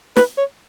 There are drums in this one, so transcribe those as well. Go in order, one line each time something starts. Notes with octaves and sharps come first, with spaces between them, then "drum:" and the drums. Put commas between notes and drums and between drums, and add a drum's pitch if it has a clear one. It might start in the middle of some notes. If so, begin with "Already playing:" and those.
B4, drum: snare
C#5